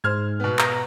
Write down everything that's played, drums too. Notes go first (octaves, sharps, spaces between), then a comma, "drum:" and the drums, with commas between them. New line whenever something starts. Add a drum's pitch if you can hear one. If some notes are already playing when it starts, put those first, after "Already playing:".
G#2 C5 F6 G#6
B2 B3
A#5, drum: clap